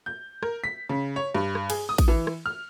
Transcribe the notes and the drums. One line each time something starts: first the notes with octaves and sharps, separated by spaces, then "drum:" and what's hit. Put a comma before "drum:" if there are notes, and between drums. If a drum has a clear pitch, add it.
G6
A#4, drum: rim click
B6
C#3
C#5
G2
drum: rim click
G#4, drum: cymbal
D#6
drum: kick A1, cymbal
E3
drum: rim click
F6